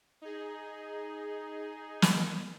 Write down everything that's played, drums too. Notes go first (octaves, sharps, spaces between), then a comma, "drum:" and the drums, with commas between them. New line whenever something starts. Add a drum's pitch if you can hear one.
D#4 G#4
drum: snare